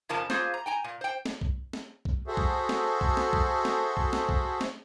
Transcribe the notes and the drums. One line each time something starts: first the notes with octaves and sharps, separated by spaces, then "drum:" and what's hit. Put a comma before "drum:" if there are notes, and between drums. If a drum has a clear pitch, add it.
F2 C#3 F3 A#3 A5
A#3 F4 G#4 C5, drum: snare
A#5
G5 G#5 A#5
A#2
C5 G5
drum: snare
drum: kick B1
drum: snare
drum: kick B1
F#4 G#4 A4 C5 E5
drum: kick B1
drum: snare
drum: kick B1
drum: snare
drum: kick B1
drum: snare
drum: kick B1
drum: snare
drum: kick B1
drum: snare